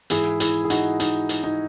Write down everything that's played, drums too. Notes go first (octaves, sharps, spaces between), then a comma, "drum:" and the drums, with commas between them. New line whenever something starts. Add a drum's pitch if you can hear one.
G#2 E3 E4 G#4, drum: hi-hat
E4 G#4, drum: hi-hat
G#4
D#4 F#4, drum: hi-hat
D#4, drum: hi-hat
drum: hi-hat
D#4